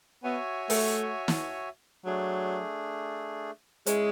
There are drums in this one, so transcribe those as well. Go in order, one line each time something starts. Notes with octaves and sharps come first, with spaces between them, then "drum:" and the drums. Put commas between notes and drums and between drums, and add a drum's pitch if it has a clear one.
B3 F#4 C#5 E5 G#5
A3, drum: open hi-hat
drum: snare
F#3 A3 D4 G#4
G#3 C#4 E4 G#4 C#5, drum: hi-hat